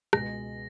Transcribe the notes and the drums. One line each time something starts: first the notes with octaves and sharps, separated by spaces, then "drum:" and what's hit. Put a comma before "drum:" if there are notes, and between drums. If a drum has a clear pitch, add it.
C#2 B2 G#3 A#6, drum: rim click